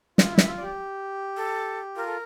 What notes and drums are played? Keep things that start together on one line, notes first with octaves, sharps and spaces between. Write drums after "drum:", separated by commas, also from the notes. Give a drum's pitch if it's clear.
F4, drum: snare
E4
E5, drum: snare
F4
D5
G4
A4
F4 A#4
A4